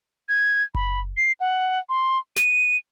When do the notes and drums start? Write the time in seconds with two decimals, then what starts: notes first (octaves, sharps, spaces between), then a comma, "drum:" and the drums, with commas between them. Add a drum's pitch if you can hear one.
0.29 G#6
0.75 B5, drum: kick F#1
1.17 C7
1.40 F#5
1.89 C6
2.36 D#7, drum: snare